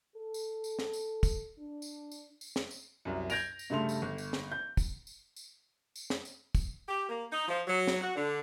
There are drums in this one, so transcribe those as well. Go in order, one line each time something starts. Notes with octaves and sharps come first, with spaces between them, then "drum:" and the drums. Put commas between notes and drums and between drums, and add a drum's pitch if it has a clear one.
A4
drum: tambourine
drum: tambourine
drum: snare
drum: tambourine
drum: kick, tambourine
D4
drum: tambourine
drum: tambourine
drum: tambourine
drum: snare
drum: tambourine
C2 F#2
G6 G#6 A#6 D7 F7, drum: tambourine
drum: tambourine
G2 C#3 A3 C6 F7
drum: tambourine
G1
drum: tambourine
drum: snare
G6
drum: kick, tambourine
drum: tambourine
drum: tambourine
drum: tambourine
drum: snare
drum: tambourine
drum: kick, tambourine
G4
A#3
D#4
F3
F#3
drum: snare
F#4
D3